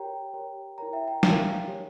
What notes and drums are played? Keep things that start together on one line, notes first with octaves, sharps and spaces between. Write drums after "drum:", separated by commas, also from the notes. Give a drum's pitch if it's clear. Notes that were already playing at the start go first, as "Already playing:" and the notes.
Already playing: G4 A#4 C#5 G5 A#5
G4 A#4 C#5
E4 A#4 C#5 G5 A#5
E5 G5
G5 A#5
E4 A#4 C#5 F5 G#5, drum: snare
G4 C#5